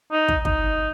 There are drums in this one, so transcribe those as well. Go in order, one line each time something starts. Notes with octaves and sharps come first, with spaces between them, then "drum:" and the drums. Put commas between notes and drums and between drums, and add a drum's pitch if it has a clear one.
D#4
drum: kick
D#4, drum: kick